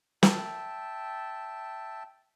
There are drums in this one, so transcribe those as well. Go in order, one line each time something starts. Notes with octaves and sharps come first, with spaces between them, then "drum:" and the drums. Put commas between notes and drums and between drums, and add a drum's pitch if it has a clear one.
E5 G5 A5, drum: snare